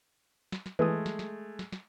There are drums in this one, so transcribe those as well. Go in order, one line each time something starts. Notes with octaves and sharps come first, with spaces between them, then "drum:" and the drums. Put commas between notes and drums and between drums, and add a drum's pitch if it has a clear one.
drum: snare
drum: snare
E3 G#3 A3 D#6
drum: snare
drum: snare
drum: snare
drum: snare